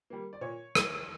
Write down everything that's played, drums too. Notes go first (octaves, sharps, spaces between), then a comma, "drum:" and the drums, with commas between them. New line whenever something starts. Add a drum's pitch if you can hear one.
G3 A#3
D5
A#2 C#5
drum: rim click